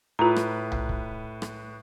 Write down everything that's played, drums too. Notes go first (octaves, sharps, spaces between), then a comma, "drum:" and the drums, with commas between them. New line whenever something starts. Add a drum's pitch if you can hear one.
A2 F4 B4 A#5
drum: rim click
drum: tom B1
drum: kick C#1
drum: rim click